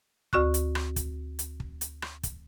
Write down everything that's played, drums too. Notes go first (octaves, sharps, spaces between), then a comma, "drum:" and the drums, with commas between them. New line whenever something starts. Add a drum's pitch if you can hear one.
D2 F#4 C#6 F#6, drum: kick
drum: hi-hat
drum: rim click
drum: kick, hi-hat
drum: hi-hat
drum: kick
drum: hi-hat
drum: rim click
drum: kick, hi-hat